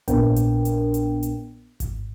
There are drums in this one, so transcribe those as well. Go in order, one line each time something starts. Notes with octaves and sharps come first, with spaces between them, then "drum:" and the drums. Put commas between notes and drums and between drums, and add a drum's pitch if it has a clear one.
A#1 A#2 B3 D4 A#4 G5, drum: kick G#1, hi-hat
drum: hi-hat
drum: hi-hat
drum: hi-hat
drum: hi-hat
drum: kick G#1, hi-hat